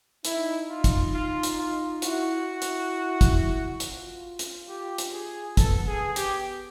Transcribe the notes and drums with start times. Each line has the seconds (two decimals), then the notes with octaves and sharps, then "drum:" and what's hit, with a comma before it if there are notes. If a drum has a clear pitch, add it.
0.25 D#4 E4, drum: hi-hat
0.70 F4
0.84 drum: kick, hi-hat
1.14 F4
1.43 drum: hi-hat
1.58 F4
2.02 E4 F#4, drum: hi-hat
2.47 E4
2.62 drum: hi-hat
3.21 drum: kick, hi-hat
3.80 F4, drum: hi-hat
4.39 drum: hi-hat
4.69 G4
4.98 drum: hi-hat
5.13 G#4
5.57 B3 A4, drum: kick, hi-hat
5.87 G#4
6.16 G4, drum: hi-hat